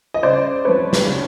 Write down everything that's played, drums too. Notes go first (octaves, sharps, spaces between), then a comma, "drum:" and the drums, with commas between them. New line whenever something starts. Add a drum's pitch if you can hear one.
D#5
C#3 C5 D5
F3 A3 C4 B4 C#5
drum: snare
C#3